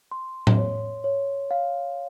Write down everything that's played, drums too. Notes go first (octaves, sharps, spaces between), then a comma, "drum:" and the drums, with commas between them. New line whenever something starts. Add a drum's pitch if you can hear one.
C6
drum: tom A2
C#5
C#5
F5